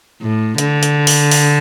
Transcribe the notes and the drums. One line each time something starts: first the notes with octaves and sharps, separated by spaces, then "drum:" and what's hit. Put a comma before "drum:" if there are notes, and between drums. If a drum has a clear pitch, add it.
A2
D3, drum: hi-hat
drum: hi-hat
drum: open hi-hat
drum: open hi-hat